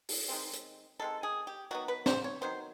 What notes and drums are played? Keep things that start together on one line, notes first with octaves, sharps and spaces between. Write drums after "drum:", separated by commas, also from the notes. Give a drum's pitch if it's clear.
drum: open hi-hat
D#3 G#3 C4
drum: hi-hat
D#3 G#3 C4 A4
G#4
G4
D#3 F#3 B3 F#4
B4
C5, drum: snare
C#5
D#3 F#3 B3 C5